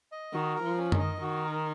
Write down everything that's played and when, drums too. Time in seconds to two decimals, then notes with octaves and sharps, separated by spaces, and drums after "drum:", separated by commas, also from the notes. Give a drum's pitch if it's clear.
0.12 D#5
0.33 D#3 F#4
0.55 A#4
0.63 F3
0.77 C#4
0.92 D#3, drum: tom F#2
0.99 D#5
1.21 D#3 F#4
1.44 A#4